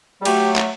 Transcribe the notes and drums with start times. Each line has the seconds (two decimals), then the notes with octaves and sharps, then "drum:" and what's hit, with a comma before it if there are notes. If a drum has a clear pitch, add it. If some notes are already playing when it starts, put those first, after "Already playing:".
0.21 G3
0.25 F#3 A3 G4, drum: cymbal
0.56 drum: clap